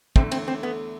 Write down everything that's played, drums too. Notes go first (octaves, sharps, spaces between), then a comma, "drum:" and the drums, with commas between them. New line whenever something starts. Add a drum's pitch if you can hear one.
E2 D3 A3 C4, drum: kick
C4, drum: cymbal
C4
B3